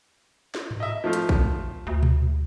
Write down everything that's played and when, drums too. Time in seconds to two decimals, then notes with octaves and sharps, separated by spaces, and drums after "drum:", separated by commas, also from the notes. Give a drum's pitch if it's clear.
0.55 drum: snare
0.71 drum: tom G#2
0.80 D#5 E5
1.04 F3 A3 F4
1.13 drum: hi-hat
1.29 drum: kick
1.87 D2
2.03 drum: tom A#2